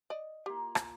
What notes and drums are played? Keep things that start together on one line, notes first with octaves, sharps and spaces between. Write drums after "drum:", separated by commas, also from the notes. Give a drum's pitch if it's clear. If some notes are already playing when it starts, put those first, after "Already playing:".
D5 D#5
A#3 F4 G4
drum: rim click